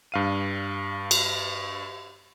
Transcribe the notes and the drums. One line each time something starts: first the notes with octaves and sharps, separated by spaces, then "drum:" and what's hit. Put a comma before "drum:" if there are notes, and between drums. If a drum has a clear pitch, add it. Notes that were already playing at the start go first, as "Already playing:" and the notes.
G2 F5 D#7
drum: cymbal